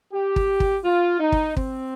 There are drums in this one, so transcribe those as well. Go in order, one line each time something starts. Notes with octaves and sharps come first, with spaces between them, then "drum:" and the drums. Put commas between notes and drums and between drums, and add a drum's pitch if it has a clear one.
G4
drum: kick
drum: kick
F4
D#4
drum: kick
C4, drum: kick